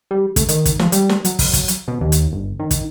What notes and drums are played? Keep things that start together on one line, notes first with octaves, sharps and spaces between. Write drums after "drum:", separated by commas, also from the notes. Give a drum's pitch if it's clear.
G3
A3, drum: kick, hi-hat
D#3, drum: hi-hat
drum: kick, hi-hat
F3, drum: snare
G3, drum: hi-hat
drum: snare
F#3, drum: hi-hat
drum: kick, open hi-hat
drum: kick, hi-hat
drum: hi-hat
B2
D#2
drum: hi-hat
G1
D#3
drum: kick, hi-hat